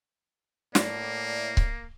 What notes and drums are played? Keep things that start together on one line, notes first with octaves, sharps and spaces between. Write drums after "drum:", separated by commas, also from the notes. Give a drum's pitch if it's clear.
A2 A#3 D5, drum: snare
drum: kick C#1